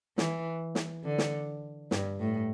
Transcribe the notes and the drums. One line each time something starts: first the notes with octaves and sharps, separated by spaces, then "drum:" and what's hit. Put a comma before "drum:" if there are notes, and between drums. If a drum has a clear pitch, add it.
E3, drum: snare
drum: snare
D3
drum: snare
G2, drum: snare
A2